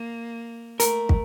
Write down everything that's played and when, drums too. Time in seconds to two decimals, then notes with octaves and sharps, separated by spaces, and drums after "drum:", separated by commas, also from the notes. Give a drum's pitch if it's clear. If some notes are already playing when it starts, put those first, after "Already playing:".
Already playing: A#3
0.80 A3 A#4, drum: hi-hat
1.09 drum: kick